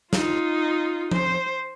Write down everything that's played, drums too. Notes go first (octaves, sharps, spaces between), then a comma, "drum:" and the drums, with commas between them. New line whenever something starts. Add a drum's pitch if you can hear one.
D#4 F4, drum: snare
C5, drum: tom F3